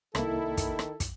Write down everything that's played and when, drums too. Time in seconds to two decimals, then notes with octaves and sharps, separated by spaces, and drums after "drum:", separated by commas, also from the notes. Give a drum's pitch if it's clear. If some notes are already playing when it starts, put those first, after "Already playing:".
0.15 C2 D#3 A#3 E4 A4, drum: rim click
0.57 drum: kick, hi-hat
0.79 drum: rim click
1.00 drum: kick, hi-hat